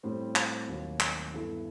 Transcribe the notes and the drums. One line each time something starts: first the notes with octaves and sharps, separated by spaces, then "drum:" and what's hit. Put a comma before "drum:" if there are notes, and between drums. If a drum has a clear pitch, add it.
A2 G3 C4
drum: clap
D#2 D#3 F#3
drum: clap
G2 E3 B3 E4 A4